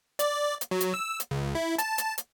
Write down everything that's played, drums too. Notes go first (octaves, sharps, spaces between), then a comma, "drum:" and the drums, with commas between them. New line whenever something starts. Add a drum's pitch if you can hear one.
D5, drum: hi-hat
drum: hi-hat
F#3
drum: hi-hat
E6
drum: hi-hat
C#2
E4
A5, drum: hi-hat
drum: hi-hat
drum: hi-hat